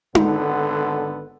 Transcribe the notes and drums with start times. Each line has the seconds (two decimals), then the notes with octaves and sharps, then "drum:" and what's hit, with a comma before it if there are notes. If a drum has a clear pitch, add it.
0.15 G#1 D3 B3 A4, drum: tom D#4